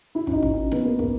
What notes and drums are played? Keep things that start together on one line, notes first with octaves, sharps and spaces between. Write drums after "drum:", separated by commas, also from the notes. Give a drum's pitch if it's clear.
E4
C#4, drum: kick
D#4
drum: kick
C#4
B3, drum: snare
A#3
A#3, drum: kick